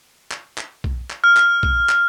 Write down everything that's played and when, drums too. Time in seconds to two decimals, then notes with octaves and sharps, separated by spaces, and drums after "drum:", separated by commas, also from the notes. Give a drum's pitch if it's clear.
0.32 drum: clap
0.58 drum: clap
0.84 drum: kick B1
1.10 drum: clap
1.24 F6
1.37 drum: clap
1.63 drum: kick B1
1.89 drum: clap